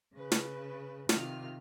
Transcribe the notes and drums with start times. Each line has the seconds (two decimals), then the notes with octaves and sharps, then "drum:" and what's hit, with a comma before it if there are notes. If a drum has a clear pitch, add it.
0.14 C#3 B4
0.32 drum: snare
1.09 C3 D#3 F4 F6, drum: snare